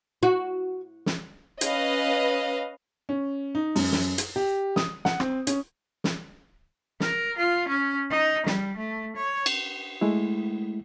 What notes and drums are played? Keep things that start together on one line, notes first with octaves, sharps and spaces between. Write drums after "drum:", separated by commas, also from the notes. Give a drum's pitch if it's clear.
F#4
drum: snare
C#4 B4 D#5 F5, drum: hi-hat
C#4
D#4
F#2, drum: open hi-hat
drum: snare
drum: hi-hat
G4
D#6, drum: snare
F#5, drum: snare
C4, drum: rim click
C#4, drum: hi-hat
drum: snare
A#4, drum: snare
F4
C#4
D#4
G3, drum: snare
A3
C#5
drum: cymbal
G#3 A3 E4